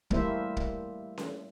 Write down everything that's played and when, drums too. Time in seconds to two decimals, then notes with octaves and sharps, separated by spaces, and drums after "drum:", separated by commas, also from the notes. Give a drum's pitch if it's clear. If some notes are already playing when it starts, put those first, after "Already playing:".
0.10 G3 A3 A#3 E4 C5 E5, drum: kick
0.57 drum: kick
1.18 drum: snare C#4